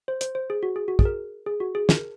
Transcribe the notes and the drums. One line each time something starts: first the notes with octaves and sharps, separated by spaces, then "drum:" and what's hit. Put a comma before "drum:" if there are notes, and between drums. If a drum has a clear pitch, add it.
C5
C5, drum: hi-hat
C5
G#4
F#4
G#4
F#4
G#4, drum: kick
A#4
G#4
F#4
G#4
A#4, drum: snare